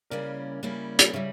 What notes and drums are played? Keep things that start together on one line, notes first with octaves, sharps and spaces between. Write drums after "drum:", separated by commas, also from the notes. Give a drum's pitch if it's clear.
C#3 G3 A#3 C#4 E4 A#4 D5
C#3 G3 A#3 C#4 E4
drum: hi-hat
C#3 G3 C#5 E5